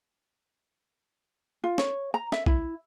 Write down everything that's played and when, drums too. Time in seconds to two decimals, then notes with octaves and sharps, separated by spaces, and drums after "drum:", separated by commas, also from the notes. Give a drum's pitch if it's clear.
1.64 F4
1.78 C#5, drum: snare
2.14 A#5
2.32 E5, drum: snare
2.46 E4, drum: kick A#1